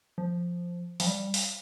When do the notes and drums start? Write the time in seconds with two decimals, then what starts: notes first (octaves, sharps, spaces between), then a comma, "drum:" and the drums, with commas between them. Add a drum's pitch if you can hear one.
0.18 F3
1.00 F3, drum: open hi-hat
1.07 G3
1.34 drum: open hi-hat